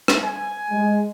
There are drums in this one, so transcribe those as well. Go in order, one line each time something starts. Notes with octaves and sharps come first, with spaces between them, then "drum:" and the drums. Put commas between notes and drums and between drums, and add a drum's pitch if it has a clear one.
drum: rim click
G#5
G#3